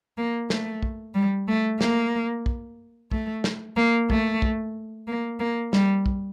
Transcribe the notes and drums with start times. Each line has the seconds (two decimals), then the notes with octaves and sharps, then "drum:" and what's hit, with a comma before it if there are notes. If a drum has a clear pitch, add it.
0.18 A#3
0.50 A3, drum: snare
0.83 drum: kick
1.15 G3
1.48 A3
1.81 A#3, drum: snare
2.46 drum: kick
3.12 A3, drum: kick
3.44 drum: snare
3.77 A#3
4.10 A3, drum: kick
4.42 drum: kick
5.07 A#3
5.40 A#3
5.73 G3, drum: snare
6.06 drum: kick